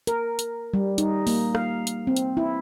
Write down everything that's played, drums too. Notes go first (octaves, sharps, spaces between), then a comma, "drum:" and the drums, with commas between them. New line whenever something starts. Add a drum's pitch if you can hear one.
A#4, drum: hi-hat
drum: hi-hat
G3
D#4, drum: hi-hat
A#3, drum: open hi-hat
F5, drum: rim click
drum: hi-hat
C4
drum: hi-hat
E4